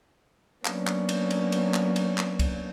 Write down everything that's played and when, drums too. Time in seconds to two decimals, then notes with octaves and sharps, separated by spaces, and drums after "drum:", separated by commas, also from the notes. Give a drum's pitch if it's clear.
0.65 F#3 A#3 B3 C#4 D4, drum: clap
0.87 drum: clap
1.09 drum: cymbal
1.31 drum: cymbal
1.52 drum: cymbal
1.74 drum: clap
1.96 drum: cymbal
2.18 drum: clap
2.39 drum: kick, cymbal